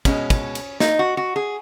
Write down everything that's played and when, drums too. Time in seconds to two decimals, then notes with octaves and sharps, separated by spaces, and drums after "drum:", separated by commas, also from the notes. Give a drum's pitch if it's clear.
0.05 B2 G#3 C#4, drum: kick, cymbal
0.30 drum: kick, cymbal
0.55 drum: cymbal
0.80 D#4, drum: snare
0.99 F#4
1.17 F#4
1.36 G#4